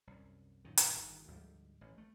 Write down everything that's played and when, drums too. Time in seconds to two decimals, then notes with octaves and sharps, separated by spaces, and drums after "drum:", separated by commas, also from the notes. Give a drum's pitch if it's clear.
0.07 C2 F#2
0.65 F#2 A#2 D#3
0.77 drum: hi-hat
0.96 G1 G#2 D#3
1.28 D2 G#2 F3 G3
1.81 A1
1.98 A3